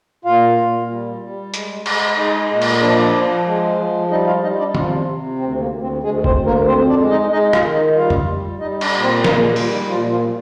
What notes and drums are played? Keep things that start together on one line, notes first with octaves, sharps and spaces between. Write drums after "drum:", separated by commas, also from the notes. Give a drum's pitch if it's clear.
A#2 F4 F5
A#2
G3
G3
G#3, drum: hi-hat
G#3, drum: cymbal
G#3 D#4 D#5
A#2
drum: cymbal
D#5
F3 D4 D5
F3
G#3
F3
G3 D#4 D#5
F4 F5
G3 D#4 D#5
D4 D5
C3 F3 F4, drum: tom
C3
D2 C4
A#3
D2
C4
D2 G#3 G#4
C4 C5, drum: kick
D2
A#3 A#4
F2 C4 C5
D4 D5
G#3
D#4 D#5
G#3 D#4 D#5
F4 F5, drum: rim click
D#3
D#4 D#5
G3 F4 F5
drum: tom
G3
G3 D#4 D#5
D4 D5, drum: cymbal
A#2
C4 C5
A#2 A#3 A#4, drum: snare
G#3 G#4
F3 G3 F4, drum: open hi-hat
D#3 D#4
A#2 F3 F4
F3 F4
G3